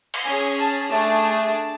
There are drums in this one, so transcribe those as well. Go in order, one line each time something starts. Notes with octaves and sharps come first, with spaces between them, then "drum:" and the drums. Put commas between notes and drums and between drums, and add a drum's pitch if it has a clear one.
drum: cymbal
C#4 G#4 G#5
A5
A3 D4 G#4 A5